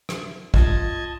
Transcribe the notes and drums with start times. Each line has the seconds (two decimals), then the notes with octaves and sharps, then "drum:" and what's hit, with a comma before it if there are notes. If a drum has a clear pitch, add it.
0.09 drum: rim click
0.54 F4 D#5 A5 G#6, drum: kick